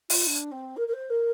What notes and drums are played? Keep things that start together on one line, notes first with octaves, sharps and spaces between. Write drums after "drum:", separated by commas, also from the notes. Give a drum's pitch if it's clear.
F4, drum: open hi-hat
D4
C4
A#4
A#4
C5
A#4